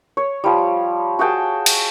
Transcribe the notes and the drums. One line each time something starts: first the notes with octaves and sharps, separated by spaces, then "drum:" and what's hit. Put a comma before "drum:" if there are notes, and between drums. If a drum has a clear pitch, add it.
C#5
F3 G3
F#4 G#4 G5 A5
drum: cymbal